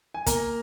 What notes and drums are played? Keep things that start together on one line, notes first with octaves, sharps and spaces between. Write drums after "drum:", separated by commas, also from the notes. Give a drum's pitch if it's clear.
G#5
A#3 A#5, drum: kick, hi-hat